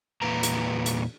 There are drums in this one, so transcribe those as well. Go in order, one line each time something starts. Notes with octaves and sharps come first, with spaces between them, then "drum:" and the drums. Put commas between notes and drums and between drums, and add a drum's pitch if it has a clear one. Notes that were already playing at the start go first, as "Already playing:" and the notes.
E2 A#2 B4 A#5
drum: hi-hat
drum: hi-hat